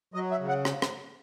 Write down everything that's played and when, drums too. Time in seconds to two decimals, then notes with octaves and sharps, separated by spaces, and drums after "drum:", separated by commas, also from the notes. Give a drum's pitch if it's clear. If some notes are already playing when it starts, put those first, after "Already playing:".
0.14 F#3 D#5
0.31 E5
0.40 C#3
0.49 F#5
0.65 drum: rim click
0.82 drum: rim click